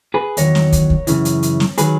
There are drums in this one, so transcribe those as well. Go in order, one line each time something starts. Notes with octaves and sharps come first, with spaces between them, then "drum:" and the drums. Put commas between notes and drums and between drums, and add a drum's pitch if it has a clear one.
G#4 B4
E2 D#3 F#3 A#4 C#5, drum: hi-hat
drum: snare
drum: kick, hi-hat
drum: kick
F#2 C#3 E3, drum: hi-hat
drum: hi-hat
drum: hi-hat
drum: snare
D#3 F#3 G#4 B4, drum: hi-hat